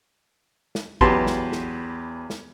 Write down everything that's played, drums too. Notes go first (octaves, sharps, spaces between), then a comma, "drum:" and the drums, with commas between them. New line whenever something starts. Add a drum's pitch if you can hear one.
drum: snare
E2 F#3 G4 B4 A5 C6, drum: kick
drum: snare
drum: snare
drum: snare